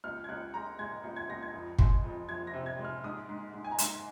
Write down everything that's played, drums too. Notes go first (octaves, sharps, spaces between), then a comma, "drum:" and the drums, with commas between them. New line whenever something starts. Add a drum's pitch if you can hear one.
C#2 F6
G#6
C#2 F#6
G#3 A#5
G#3 G#6
C#2
G#6
C#2 A#6
G#6
F2
G#3, drum: kick
F2
F3 G#6
A#6
C3
G#6
G#3
F6
G#2 D#6
G#2
G#2
G#5
A#5
G#2 C6, drum: hi-hat